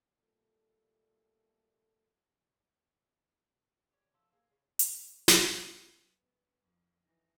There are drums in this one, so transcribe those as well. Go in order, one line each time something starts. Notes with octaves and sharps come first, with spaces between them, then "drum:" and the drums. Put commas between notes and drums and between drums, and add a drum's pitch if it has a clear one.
A#2 G3 A3 A4
G4 C#5
F3 A3 A4
A#3 G#4
C#3 C#5
drum: hi-hat
C#5
A2, drum: snare
F#3 B3
B3
F2
E3 D#4